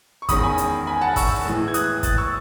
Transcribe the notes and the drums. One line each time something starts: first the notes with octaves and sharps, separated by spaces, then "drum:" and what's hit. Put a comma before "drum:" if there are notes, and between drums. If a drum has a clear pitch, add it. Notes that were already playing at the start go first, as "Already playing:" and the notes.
C#6
E2 D#3 G#3 C#4 B5 D#6, drum: kick, hi-hat
G#5 B5
drum: hi-hat
G#5 B5
F#5 A5
C#6 E6, drum: kick, open hi-hat
A2 E3 G#3
G#6
D#6 F#6, drum: hi-hat
F#6 A6, drum: kick, hi-hat
C#6 E6